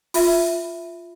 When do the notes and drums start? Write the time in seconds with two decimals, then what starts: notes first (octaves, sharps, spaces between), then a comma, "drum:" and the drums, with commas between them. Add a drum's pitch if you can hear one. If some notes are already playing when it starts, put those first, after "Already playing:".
0.14 F4 E5, drum: open hi-hat